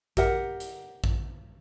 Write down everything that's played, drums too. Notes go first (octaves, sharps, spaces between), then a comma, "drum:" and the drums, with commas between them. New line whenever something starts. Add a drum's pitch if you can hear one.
G4 A#4 E5 F#5, drum: kick, hi-hat
drum: hi-hat
drum: kick